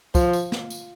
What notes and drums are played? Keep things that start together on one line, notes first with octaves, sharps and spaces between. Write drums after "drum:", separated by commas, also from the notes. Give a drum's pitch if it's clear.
F3, drum: kick, tambourine
drum: tambourine
drum: snare
drum: tambourine